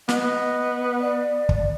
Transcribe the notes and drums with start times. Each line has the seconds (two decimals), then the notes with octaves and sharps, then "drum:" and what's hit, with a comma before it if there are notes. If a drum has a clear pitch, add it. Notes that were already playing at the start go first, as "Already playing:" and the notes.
0.09 B3 D#5, drum: snare
1.01 D5
1.49 drum: kick